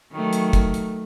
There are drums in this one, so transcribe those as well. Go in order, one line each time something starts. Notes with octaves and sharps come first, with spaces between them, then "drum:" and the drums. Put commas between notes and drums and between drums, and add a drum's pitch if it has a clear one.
D#3 F#3 A3
drum: hi-hat
drum: kick, hi-hat
drum: hi-hat